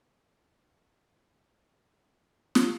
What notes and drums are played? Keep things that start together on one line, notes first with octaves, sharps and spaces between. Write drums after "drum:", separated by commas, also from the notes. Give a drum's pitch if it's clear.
B4 D#5 E5 G5 D6
drum: snare